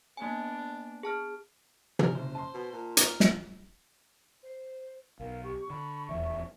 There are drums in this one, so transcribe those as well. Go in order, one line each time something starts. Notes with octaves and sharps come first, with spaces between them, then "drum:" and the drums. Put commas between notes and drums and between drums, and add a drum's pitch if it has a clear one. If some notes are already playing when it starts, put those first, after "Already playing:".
A#3 B3 D4 G#5
G#4 A5 F6
A#4, drum: tom
F#1 C5
A5 C6
B2
A#2
A#4, drum: hi-hat
drum: snare
C5
B1 A#4 F5
G4 C#6
D3 B5
D#1 E2 E5